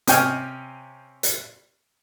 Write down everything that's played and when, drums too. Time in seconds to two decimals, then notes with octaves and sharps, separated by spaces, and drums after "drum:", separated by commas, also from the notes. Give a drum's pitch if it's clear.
0.07 C3 C#4 G5 G#5 F6, drum: hi-hat
1.23 drum: hi-hat